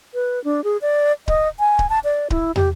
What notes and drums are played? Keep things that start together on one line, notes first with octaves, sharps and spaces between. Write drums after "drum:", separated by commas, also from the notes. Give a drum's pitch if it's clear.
B4
D4
G#4
D5
D#5, drum: kick D1
G#5
drum: kick D1
A5
D5
E4, drum: kick D1
G4, drum: tom